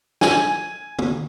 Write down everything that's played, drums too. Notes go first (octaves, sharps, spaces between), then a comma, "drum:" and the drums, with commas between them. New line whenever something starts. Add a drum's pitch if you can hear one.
G#5, drum: snare
drum: tom